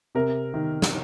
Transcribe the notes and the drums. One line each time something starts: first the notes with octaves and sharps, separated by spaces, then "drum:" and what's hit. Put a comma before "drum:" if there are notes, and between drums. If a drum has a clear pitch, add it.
C3 A#4
D#3
drum: snare